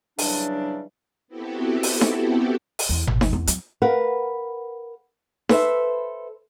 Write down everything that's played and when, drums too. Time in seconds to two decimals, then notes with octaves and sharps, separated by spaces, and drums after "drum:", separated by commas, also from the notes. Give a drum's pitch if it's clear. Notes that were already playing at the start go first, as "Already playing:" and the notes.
0.19 C#3 E3 F#3 G3 D4, drum: open hi-hat
1.28 B3 C4 E4 F#4 G4 A4
1.83 drum: open hi-hat
2.01 drum: snare D#4
2.79 drum: open hi-hat
2.89 E2
3.07 B2, drum: tom G1
3.21 F3, drum: snare D#4
3.33 E2
3.47 F#3, drum: hi-hat
3.82 A#4 B4 F5 F#5
5.49 A4 B4 C5 E5, drum: snare D#4